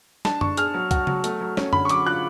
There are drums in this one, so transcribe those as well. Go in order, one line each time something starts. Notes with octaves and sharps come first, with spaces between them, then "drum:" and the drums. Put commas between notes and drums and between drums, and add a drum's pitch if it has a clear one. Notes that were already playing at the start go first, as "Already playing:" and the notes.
D4 A5, drum: snare
D4 C#6, drum: tom F#2
G#4 F6, drum: hi-hat
F#3
F#4, drum: kick C2, hi-hat
F#3, drum: tom C#3
A3, drum: hi-hat
F#3
C#4, drum: snare
D3 B5, drum: tom F#2
C#6
F#3 D6, drum: hi-hat
F4 F#6